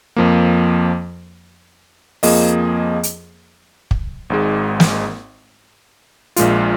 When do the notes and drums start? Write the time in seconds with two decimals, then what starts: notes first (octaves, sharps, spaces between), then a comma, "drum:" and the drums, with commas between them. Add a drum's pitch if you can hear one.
0.16 F2 F3 A#3
2.23 F2 F3 A#3 G#4 D#5, drum: open hi-hat
3.03 drum: hi-hat
3.91 drum: kick
4.30 G#1 G#2 G#3
4.80 drum: snare
6.36 A#1 A#2 G#3 F4, drum: hi-hat